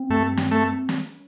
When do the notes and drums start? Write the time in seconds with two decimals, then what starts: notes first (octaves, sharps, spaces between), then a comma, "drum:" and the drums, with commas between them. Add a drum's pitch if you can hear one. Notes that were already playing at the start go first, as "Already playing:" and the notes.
Already playing: C4
0.10 G2 A3
0.37 C4, drum: snare
0.51 A3
0.89 drum: snare